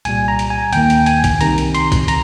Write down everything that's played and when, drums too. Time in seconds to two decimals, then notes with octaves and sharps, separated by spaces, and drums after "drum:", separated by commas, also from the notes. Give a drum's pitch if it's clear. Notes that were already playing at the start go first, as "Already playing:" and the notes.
0.05 C2 A#2 G3 G#5, drum: hi-hat
0.28 A#5
0.39 drum: hi-hat
0.50 G#5
0.73 D#2 D#3 A#3 G5, drum: hi-hat
0.90 drum: hi-hat
1.06 G#5, drum: hi-hat
1.24 drum: kick, hi-hat
1.41 C2 C3 D#3 A#5, drum: hi-hat
1.58 drum: hi-hat
1.75 C6, drum: hi-hat
1.92 drum: kick, hi-hat
2.08 A#5, drum: hi-hat